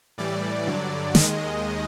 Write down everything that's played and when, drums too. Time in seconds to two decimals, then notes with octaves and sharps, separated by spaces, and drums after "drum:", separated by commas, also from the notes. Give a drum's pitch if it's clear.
0.18 A2 E3 G3 D5
0.67 G2 D3 F#3
1.15 D#2 D#3 G#3 D#5, drum: snare